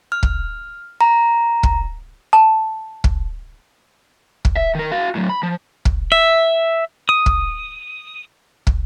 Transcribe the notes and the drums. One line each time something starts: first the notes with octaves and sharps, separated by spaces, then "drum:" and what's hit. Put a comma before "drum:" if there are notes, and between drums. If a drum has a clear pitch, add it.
F6
drum: kick
A#5
drum: kick
A5
drum: kick
drum: kick
E5
D#3 A#4
F#4 F5
A2 F#3
B5
F3
drum: kick
E5
D#6
drum: kick
drum: kick